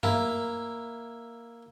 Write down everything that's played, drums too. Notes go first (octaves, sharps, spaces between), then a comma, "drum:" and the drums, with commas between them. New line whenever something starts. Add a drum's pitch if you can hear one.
A#3 E4, drum: tom G2